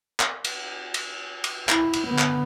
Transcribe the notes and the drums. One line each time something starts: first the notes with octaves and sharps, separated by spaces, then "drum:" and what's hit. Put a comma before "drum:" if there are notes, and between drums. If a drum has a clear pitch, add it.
drum: clap
drum: cymbal
drum: cymbal
drum: cymbal
E4, drum: clap
drum: cymbal
D3 B3
drum: clap